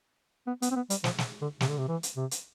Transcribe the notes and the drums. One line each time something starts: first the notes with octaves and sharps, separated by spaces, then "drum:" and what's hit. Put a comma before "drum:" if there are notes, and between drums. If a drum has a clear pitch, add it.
B3
B3, drum: hi-hat
C4
B3
G3, drum: hi-hat
F3, drum: snare
drum: snare
D3
C3, drum: snare
D3
C3
E3
drum: hi-hat
C3
drum: hi-hat